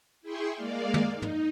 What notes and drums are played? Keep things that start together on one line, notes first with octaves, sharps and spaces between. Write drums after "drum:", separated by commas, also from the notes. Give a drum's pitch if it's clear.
E4 G#4 G5 C6 C#6
G#3 A#3 D5 F5
drum: tom
D#4
drum: tom